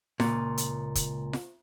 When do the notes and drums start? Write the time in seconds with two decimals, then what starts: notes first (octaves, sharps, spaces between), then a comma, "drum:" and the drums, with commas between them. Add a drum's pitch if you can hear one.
0.20 C#2 A#2, drum: snare F4
0.58 drum: hi-hat
0.95 drum: kick, hi-hat
1.33 drum: snare F4